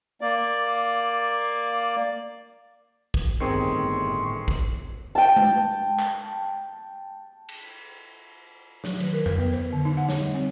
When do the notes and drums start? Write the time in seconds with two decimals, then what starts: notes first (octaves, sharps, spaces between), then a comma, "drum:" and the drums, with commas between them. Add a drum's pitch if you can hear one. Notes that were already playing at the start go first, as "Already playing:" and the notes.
0.21 A#3 D5
3.14 drum: kick A#1
3.40 G1 A2 D#3 C4 G#4 C6 C#6
4.48 drum: kick A#1
5.15 G5 A5
5.37 drum: tom G#3
5.99 drum: clap
7.49 drum: cymbal
8.84 F#3, drum: snare
9.00 D#3, drum: cymbal
9.13 A#4
9.26 B4, drum: tom F2
9.38 B3
9.53 C5
9.73 D3
9.85 D#4
9.97 F#5
10.09 C#5, drum: snare
10.21 G3
10.34 C4